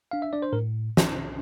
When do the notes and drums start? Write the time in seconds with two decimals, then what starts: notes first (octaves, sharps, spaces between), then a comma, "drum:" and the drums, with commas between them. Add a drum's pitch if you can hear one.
0.11 D4 F5
0.22 E5
0.33 D4 D5
0.42 C5
0.53 A2 A#4
0.97 drum: snare